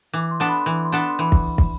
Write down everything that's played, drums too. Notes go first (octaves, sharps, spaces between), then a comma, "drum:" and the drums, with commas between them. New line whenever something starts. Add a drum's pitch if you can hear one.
E3 D6
C6
B3 D4 A4
B5
C6
E3
B5
C6
B3 D4 A4 B5
C6
E3 B5
drum: kick
drum: kick